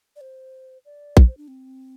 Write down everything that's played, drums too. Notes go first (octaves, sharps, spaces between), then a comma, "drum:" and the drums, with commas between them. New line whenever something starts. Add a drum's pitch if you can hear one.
D5
C5
D5
C5, drum: kick A#1
C5
D4
C4